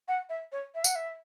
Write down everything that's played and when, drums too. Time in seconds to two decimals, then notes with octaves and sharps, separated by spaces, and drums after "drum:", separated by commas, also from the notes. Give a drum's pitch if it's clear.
0.08 F#5
0.29 E5
0.52 C#5
0.75 E5
0.84 F#5, drum: tambourine
0.95 E5